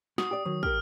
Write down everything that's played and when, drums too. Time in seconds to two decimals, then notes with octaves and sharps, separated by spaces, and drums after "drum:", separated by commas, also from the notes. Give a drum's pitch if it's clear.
0.18 F#4 D#6, drum: snare
0.31 G4 D5
0.45 D#3 F#3
0.63 G4 A#4 F6, drum: kick